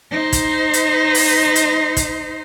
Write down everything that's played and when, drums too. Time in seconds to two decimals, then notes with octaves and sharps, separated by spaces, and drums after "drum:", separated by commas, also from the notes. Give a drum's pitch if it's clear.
0.12 D#4 C5
0.33 drum: kick, hi-hat
0.74 drum: hi-hat
1.15 drum: open hi-hat
1.56 drum: hi-hat
1.97 drum: kick, hi-hat